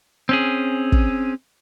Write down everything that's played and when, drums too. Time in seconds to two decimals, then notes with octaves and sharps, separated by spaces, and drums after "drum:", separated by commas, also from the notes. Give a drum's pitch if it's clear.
0.29 C4 C#4 G#4
0.92 drum: kick